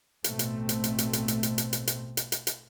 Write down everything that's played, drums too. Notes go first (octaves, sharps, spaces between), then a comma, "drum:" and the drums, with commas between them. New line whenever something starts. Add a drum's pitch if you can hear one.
A1 B2 A3 C4, drum: hi-hat
drum: hi-hat
drum: hi-hat
drum: hi-hat
drum: hi-hat
drum: hi-hat
drum: hi-hat
drum: hi-hat
drum: hi-hat
drum: hi-hat
drum: hi-hat
drum: hi-hat
drum: hi-hat
drum: hi-hat